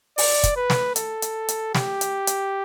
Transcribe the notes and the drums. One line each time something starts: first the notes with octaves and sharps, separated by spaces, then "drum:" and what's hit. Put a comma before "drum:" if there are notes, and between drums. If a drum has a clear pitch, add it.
D5, drum: open hi-hat
drum: kick, hi-hat
B4
drum: snare
A4, drum: hi-hat
drum: hi-hat
drum: hi-hat
G4, drum: snare
drum: hi-hat
drum: hi-hat